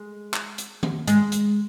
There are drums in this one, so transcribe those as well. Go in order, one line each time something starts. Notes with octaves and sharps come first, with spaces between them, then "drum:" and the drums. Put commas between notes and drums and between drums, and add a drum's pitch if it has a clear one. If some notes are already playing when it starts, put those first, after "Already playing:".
Already playing: G#3
drum: clap
drum: hi-hat
drum: tom D#3
G#3, drum: hi-hat
drum: hi-hat